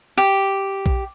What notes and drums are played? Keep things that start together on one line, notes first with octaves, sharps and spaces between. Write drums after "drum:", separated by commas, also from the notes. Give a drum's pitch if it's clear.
G4
drum: kick A#1